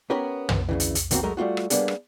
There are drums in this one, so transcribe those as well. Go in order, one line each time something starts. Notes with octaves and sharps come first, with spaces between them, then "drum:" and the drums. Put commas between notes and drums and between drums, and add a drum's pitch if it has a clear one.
B3 C#4 G4 A#4 C#5 B5
drum: tom
D2 C#3 E3
drum: hi-hat
drum: hi-hat
B1 D#3 A#3 C4 F#4, drum: hi-hat
F#3 G#3 A3 F#4 A#4
G3 A3 F4 F#4
drum: rim click
G3 A#3 B3 D4 G#4, drum: hi-hat
drum: rim click